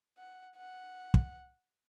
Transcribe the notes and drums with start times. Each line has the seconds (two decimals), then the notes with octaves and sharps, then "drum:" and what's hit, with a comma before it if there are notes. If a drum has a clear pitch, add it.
0.18 F#5
0.57 F#5
1.14 drum: kick